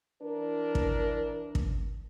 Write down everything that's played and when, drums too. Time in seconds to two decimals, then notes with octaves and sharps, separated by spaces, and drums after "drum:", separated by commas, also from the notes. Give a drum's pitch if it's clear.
0.22 E3 D4 A#4
0.75 drum: kick
1.55 drum: kick